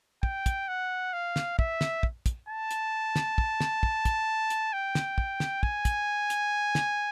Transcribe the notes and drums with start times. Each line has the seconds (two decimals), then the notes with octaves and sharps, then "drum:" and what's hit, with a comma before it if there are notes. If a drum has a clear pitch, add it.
0.23 G5, drum: kick
0.46 drum: kick, hi-hat
0.68 F#5
1.13 F5
1.36 drum: snare
1.59 E5, drum: kick
1.81 drum: snare
2.03 drum: kick
2.26 drum: kick, hi-hat
2.49 A5
2.71 drum: hi-hat
3.16 drum: snare
3.38 drum: kick
3.60 drum: snare
3.83 drum: kick
4.05 drum: kick, hi-hat
4.50 drum: hi-hat
4.73 G5
4.95 drum: snare
5.18 drum: kick
5.40 drum: snare
5.63 G#5, drum: kick
5.85 drum: kick, hi-hat
6.30 drum: hi-hat
6.75 drum: snare